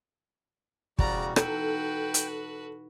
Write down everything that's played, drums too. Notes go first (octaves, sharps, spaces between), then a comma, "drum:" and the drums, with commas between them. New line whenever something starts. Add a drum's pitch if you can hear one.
E1 C#3 G3 F#4 D5 A#5, drum: kick
D#4 F#4 A4 B4 G5, drum: rim click
drum: hi-hat